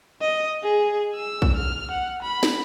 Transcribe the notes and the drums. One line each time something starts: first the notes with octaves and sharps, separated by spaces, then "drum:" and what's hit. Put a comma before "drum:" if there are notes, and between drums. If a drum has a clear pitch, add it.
D#5
G#4
E6
drum: kick A#1
F6
F#5
B5
drum: snare